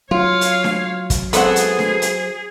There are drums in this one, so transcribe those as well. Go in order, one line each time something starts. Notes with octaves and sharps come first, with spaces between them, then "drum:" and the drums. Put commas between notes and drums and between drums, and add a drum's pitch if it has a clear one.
F#3 F4 C#5 F5
drum: hi-hat
drum: snare D4
drum: kick, hi-hat
F#2 G#3 B3 C4 G#4 A4 F#5, drum: hi-hat
drum: hi-hat
drum: snare D4
drum: hi-hat